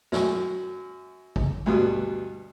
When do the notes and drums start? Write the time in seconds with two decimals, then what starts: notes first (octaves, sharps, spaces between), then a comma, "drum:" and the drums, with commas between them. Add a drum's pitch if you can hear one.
0.12 F#2, drum: snare
1.36 drum: kick G#1
1.66 D2 G2 B2